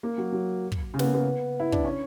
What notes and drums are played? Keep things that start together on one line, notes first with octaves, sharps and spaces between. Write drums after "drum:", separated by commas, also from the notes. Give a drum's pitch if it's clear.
A#3
F#3
F#3
drum: kick
C#3
B3, drum: snare
A#3
B3
E4
D4, drum: kick
C#4